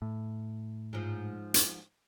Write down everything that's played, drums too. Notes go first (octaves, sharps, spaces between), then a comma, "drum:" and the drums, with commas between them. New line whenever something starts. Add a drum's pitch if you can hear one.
A2
G#2 F3
drum: hi-hat